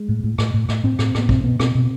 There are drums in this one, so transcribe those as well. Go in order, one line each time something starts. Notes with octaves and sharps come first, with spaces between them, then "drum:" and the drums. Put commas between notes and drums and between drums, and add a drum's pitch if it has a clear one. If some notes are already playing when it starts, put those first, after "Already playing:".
Already playing: G#3
A2
A2
A2, drum: rim click
A2
A2, drum: rim click
A2 C4
A2, drum: rim click
A2 B3, drum: rim click
B2 C4, drum: kick
B2 B3
B2 C4, drum: rim click
B2